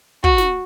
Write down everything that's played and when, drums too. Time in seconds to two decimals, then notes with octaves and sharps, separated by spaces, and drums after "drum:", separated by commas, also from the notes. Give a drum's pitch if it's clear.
0.24 F#4, drum: kick
0.38 drum: snare